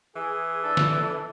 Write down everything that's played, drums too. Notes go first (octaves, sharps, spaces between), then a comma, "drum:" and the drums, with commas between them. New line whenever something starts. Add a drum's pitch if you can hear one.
E3 G#4
D4 E4 A4
drum: snare